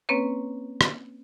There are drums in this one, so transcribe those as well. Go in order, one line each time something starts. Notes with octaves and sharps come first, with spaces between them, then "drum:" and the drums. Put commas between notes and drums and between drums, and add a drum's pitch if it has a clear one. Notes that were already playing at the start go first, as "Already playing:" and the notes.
A#3 C4 C#4 B4 C#5
drum: rim click